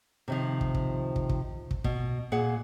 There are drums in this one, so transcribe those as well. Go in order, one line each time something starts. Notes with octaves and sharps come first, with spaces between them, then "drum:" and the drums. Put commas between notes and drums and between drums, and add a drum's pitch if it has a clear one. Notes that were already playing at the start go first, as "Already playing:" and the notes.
C3 D#3 F3
drum: kick
drum: kick
drum: kick
drum: kick
drum: kick
B2, drum: kick
A#2 G#4 F#5